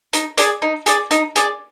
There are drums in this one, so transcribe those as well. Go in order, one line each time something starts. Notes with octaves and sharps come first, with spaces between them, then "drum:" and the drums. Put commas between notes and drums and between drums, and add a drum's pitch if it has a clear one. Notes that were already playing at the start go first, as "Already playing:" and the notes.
D#4, drum: hi-hat
G#4 D5, drum: hi-hat
D#4
G#4 D5, drum: hi-hat
D#4, drum: hi-hat
G#4 D5, drum: hi-hat